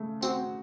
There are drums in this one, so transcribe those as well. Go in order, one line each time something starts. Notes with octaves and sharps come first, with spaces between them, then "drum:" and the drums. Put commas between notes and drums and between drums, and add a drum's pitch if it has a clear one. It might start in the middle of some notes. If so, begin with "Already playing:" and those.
Already playing: C#3 A3
C4 F#4, drum: tambourine